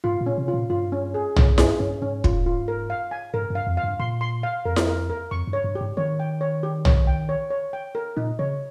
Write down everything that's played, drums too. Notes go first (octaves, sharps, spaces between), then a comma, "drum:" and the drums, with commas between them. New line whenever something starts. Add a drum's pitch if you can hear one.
G#2 F4
A#2
C#4
C3
F4
A#2
G2 F4
C#4
G#4
G#2 C#4, drum: tom
G2 G#4, drum: snare E4
G2 C#4
G#2 C#4
F4, drum: kick
F4
A#4
F5
G#5
G#2 A#4
G2 F5
F2
F5
G2
A#2 C6
C6
F5
F2 A#4
drum: snare E4
A#4
A#4
F2 C#6
G2
C#5
G2
G4
G#2
D#3 C#5
G5
C#5
G4
C#5, drum: tom
G5
C#5
C#5
G5
A#4
A#2 D#4
C#3 C#5